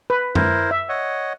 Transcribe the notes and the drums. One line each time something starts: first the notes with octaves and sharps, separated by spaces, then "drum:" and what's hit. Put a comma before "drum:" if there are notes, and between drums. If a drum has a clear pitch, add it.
B4
E4 A#4 C5, drum: tom F#2
E5
C#5 D#5 F#5